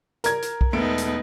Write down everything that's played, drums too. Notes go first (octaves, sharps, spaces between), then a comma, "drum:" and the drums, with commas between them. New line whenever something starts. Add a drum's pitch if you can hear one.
A#4 G#6, drum: hi-hat
drum: hi-hat
drum: kick B1
E1 A3 B3 D#4 D7
drum: hi-hat